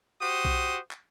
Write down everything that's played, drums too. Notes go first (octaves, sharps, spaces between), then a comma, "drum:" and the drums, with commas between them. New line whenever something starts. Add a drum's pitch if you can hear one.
F#4 G4 C5 D#6
drum: kick B1
drum: clap